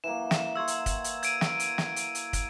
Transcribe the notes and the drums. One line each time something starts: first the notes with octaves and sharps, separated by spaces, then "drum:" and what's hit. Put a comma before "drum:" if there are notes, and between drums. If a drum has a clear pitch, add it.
E3 F#3 A#3 E7
drum: snare
C6 C#6 E6 G#6
drum: hi-hat
drum: kick, hi-hat
drum: hi-hat
G#6 D7 D#7, drum: hi-hat
drum: snare
drum: hi-hat
drum: snare
drum: hi-hat
drum: hi-hat
drum: kick, hi-hat